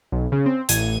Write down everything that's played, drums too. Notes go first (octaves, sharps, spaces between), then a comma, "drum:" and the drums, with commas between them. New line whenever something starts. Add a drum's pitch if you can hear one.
B1
C#3
C4
A1 G#6 D#7, drum: hi-hat